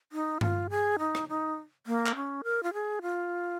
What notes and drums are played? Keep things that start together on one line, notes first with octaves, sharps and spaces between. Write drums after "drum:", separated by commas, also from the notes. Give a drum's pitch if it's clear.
D#4
F4, drum: tom G2
G#4
D#4
drum: rim click
D#4
A#3
drum: clap
C#4
A#4
F4
G#4
F4